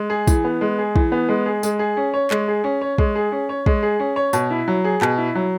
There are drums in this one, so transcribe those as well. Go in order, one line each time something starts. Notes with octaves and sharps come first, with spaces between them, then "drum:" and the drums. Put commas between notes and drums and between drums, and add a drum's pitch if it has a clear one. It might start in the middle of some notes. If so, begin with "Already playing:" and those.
Already playing: G#3
G#4
E3, drum: kick, tambourine
B3
G#3
G#4
E3, drum: kick
B3
G#3
G#4
G#3, drum: tambourine
G#4
C#4
C#5
G#3, drum: clap
G#4
C#4
C#5
G#3, drum: kick
G#4
C#4
C#5
G#3, drum: kick
G#4
C#4
C#5
B2, drum: tambourine
E4
F#3
G#4
B2, drum: clap
E4
F#3